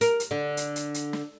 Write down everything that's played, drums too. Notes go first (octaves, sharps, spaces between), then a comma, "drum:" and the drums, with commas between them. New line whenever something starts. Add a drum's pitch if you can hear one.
A#4, drum: hi-hat
drum: hi-hat
D3
drum: hi-hat
drum: hi-hat
drum: hi-hat
drum: snare